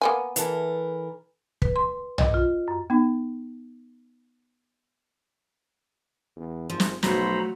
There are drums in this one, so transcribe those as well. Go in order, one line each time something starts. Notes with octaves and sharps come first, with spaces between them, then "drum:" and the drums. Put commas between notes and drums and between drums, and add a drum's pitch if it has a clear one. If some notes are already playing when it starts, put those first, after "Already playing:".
A#3 B3 G#5
E3 A4 A#4, drum: hi-hat
B4, drum: kick
C6
D#5, drum: tom B1
F4
F#2
B3 D#4
E2
G#1 F3
drum: snare
B1 F3 F#3 A3 C5 A#5 B5, drum: snare